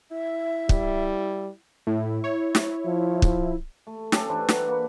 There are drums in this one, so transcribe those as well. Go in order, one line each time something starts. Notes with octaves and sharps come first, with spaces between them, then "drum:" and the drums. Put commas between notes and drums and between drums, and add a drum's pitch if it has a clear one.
E4 E5
G3, drum: kick
A2 E4
C#5
drum: snare
F3
drum: kick
A3
A3 C#4 G4 A4, drum: snare
E3 D4 C5
F#5 A#5, drum: snare
A#3 F#4 B4